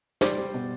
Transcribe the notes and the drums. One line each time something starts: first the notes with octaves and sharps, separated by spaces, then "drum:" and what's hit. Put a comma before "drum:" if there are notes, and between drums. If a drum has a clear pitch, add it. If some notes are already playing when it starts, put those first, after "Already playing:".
G3 C5 D5, drum: snare
G3
B2